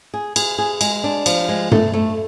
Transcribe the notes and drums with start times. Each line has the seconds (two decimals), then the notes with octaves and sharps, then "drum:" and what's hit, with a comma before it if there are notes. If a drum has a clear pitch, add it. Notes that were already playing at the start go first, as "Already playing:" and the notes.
0.14 G#4
0.36 G#4, drum: cymbal
0.58 G#4
0.81 G#3, drum: cymbal
1.04 D4
1.26 F3, drum: cymbal
1.49 G#3
1.72 A3, drum: tom G2
1.93 A3